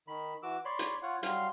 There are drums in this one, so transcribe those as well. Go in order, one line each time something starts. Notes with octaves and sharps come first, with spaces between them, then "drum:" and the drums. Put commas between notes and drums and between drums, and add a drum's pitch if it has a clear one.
D#3 B5
E3 F#4 D6 E6
C#5 D5 B5 C6
drum: hi-hat
F4 C#5 F#5
F#3 G3 F5 C6 F6, drum: hi-hat